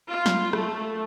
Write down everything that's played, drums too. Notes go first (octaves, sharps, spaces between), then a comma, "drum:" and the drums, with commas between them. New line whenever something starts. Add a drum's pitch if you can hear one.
F4
drum: snare
A3, drum: rim click